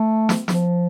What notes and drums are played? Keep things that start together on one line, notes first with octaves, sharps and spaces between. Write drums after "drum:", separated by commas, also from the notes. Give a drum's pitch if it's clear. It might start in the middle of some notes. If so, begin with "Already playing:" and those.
Already playing: A3
drum: snare
F3, drum: snare